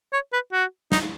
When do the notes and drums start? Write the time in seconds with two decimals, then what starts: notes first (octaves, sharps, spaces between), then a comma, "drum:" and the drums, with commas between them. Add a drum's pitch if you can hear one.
0.13 C#5
0.33 B4
0.52 F#4
0.92 D#4, drum: snare